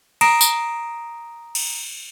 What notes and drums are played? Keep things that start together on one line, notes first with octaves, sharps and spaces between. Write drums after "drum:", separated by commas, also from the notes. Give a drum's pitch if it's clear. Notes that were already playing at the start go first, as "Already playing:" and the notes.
A#5 D#6 A#6 C7 D7 E7, drum: cymbal
drum: tambourine
drum: cymbal